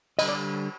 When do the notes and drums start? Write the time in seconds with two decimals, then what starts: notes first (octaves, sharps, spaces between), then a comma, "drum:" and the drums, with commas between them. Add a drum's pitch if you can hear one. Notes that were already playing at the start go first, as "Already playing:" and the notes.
0.19 D3 G3 D#5, drum: cymbal
0.28 D5